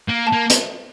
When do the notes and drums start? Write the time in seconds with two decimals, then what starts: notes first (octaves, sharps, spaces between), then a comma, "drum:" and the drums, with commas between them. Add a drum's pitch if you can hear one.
0.09 A#3
0.27 A5
0.33 A#3
0.50 drum: hi-hat